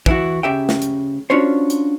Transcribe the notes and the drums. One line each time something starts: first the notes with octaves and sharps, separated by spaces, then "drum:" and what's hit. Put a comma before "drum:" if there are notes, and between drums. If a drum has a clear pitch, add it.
E3 E4 F#4, drum: kick
C#3 G4 E5 G5
drum: snare
drum: hi-hat
C#4 D4 F4 F#4 C5 C#5
drum: hi-hat